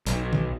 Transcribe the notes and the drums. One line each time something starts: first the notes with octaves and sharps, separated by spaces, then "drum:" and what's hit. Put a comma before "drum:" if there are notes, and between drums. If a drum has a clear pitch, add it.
B1, drum: hi-hat
drum: tom